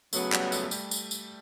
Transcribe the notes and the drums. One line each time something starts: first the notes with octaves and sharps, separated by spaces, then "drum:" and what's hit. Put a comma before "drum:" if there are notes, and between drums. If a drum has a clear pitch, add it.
C#3 F#3 A3 B3, drum: tambourine
G3, drum: clap
A3, drum: tambourine
A3
G3, drum: tambourine
drum: tambourine
drum: tambourine